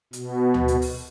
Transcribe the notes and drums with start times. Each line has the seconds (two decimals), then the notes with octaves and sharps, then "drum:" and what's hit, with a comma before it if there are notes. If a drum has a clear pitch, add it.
0.13 B2, drum: hi-hat
0.54 drum: tom D2
0.68 drum: hi-hat
0.82 drum: open hi-hat